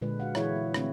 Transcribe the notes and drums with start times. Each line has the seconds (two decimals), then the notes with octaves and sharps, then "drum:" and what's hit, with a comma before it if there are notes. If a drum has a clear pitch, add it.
0.02 A#2 D3 G#3 B4 D5
0.20 F#4 F5 F#5
0.35 E3 E4 G#4 C#5 E5, drum: rim click
0.56 B3
0.74 D3 A3 C4 D4, drum: rim click